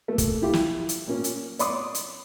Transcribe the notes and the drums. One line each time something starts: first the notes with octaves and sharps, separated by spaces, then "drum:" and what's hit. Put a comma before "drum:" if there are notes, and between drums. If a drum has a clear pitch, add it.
A3 A#3
drum: kick, hi-hat
E4 F4 G4
drum: snare
drum: hi-hat
A#2 A#3 C#4
drum: hi-hat
C#5 D5 B5 C6 D6 D#6, drum: hi-hat
drum: hi-hat